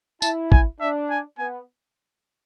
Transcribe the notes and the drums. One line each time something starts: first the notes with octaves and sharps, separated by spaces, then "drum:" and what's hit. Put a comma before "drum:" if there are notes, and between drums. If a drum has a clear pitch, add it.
E4 A5, drum: tambourine
G#5, drum: kick
D4 E5
G#5
B3 G#5